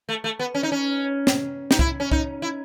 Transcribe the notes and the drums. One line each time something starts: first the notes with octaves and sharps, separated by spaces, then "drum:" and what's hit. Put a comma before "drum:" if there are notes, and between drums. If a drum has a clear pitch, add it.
A3
A3
B3
C#4
D#4
C#4
drum: snare
D#4, drum: snare
E4, drum: kick C2
C#4
D#4, drum: kick C2
E4